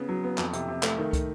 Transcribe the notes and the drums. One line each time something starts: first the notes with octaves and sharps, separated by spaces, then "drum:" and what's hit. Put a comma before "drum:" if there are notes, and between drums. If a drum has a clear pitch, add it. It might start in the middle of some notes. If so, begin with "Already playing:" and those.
Already playing: C#3 B3
F#3
B3
F2, drum: clap
C3, drum: hi-hat
C3
A3, drum: clap
D#3
drum: kick, hi-hat